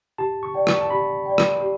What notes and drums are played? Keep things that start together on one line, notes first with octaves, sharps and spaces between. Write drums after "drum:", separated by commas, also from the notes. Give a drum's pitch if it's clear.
G4 A5
C#6
D5 G5
C#6, drum: rim click
A5
G4 B5
D5 G5
drum: rim click
G4